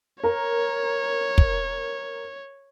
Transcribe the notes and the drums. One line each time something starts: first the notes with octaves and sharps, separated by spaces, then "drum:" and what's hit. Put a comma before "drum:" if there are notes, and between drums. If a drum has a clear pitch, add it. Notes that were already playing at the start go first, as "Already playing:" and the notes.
A#4 C#5
drum: kick